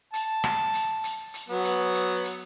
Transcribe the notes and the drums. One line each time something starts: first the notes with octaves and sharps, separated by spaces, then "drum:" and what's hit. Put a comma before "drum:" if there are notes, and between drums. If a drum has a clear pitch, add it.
A5, drum: hi-hat
drum: rim click
drum: hi-hat
drum: hi-hat
drum: hi-hat
F#3 B3
drum: hi-hat
drum: hi-hat
drum: hi-hat